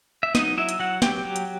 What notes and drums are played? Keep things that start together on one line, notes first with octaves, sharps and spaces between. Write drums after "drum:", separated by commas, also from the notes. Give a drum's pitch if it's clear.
E5
F#3 D#4 D#5, drum: snare
F#3 E4 E5
drum: hi-hat
F#3 F#4 F#5
F#3 G4 G5, drum: snare
F#3
drum: hi-hat